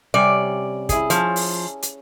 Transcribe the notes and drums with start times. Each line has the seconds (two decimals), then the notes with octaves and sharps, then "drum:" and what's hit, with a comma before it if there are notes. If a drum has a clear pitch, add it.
0.14 C3 G3 C#4 D5
0.89 E4 G#4, drum: kick, hi-hat
1.10 F3 C#4, drum: hi-hat
1.36 drum: open hi-hat
1.83 drum: hi-hat